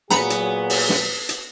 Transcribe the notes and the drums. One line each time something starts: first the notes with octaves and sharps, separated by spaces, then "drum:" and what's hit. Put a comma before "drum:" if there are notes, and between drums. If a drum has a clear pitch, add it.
A#2 F#3 B3 G#4 A#5 B5 C#7, drum: snare
drum: hi-hat
drum: open hi-hat
drum: snare
drum: hi-hat